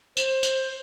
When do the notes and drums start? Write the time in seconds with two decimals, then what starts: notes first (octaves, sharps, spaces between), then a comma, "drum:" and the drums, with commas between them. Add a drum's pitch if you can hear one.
0.17 C5, drum: tambourine
0.43 drum: tambourine